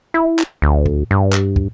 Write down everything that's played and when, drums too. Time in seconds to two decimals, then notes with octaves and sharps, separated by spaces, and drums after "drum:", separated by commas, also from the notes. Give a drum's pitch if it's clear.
0.14 E4
0.39 drum: clap
0.62 D2
0.86 drum: kick
1.11 G2
1.33 drum: clap
1.56 drum: kick